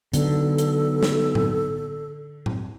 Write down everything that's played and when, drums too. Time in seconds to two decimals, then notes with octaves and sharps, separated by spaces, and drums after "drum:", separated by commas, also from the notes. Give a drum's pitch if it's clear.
0.14 B1 D3 A4, drum: hi-hat
0.58 drum: hi-hat
1.03 drum: snare
1.35 drum: tom A2
2.46 drum: tom A2